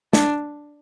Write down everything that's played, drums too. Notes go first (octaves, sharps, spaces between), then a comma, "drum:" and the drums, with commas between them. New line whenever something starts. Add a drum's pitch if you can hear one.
D4, drum: snare